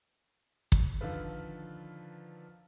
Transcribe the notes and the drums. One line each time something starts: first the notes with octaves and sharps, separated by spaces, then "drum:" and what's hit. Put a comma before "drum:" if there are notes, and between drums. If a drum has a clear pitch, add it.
drum: kick
D3 D#3 F3 F4 A4 B4